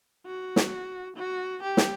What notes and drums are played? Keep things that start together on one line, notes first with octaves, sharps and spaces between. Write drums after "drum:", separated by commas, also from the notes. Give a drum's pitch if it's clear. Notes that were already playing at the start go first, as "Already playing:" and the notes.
F#4
drum: snare
F#4
G4
drum: snare